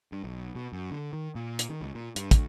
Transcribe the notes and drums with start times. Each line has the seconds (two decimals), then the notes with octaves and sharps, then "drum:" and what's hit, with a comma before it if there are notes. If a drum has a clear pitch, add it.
0.12 G2
0.24 B1
0.55 B2
0.73 F#2
0.91 D3
1.13 D#3
1.35 A#2
1.59 drum: hi-hat
1.70 D#3
1.81 C#2
1.95 A#2
2.16 G2, drum: hi-hat
2.31 D2, drum: kick, hi-hat